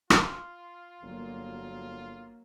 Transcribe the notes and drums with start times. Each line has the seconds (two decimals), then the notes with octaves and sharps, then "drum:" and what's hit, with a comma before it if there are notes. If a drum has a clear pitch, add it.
0.10 F4 C6 F6, drum: rim click
1.02 G1 F#3 A#3